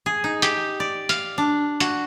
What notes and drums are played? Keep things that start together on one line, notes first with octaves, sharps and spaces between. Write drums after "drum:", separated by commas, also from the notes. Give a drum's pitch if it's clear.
G#4
D#4
G4, drum: hi-hat
D5
F5, drum: hi-hat
D4
F#4, drum: hi-hat